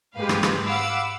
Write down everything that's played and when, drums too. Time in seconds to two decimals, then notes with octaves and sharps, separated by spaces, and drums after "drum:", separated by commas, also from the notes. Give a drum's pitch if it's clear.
0.16 G#2 G#3 G4 B4 F5
0.29 drum: rim click
0.43 drum: rim click
0.66 F5 F#5 B5 D6 E6